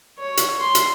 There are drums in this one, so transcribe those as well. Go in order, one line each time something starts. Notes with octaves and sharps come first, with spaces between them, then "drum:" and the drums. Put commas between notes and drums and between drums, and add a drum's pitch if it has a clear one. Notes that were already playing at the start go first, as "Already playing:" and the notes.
C#5
drum: hi-hat
C6
drum: hi-hat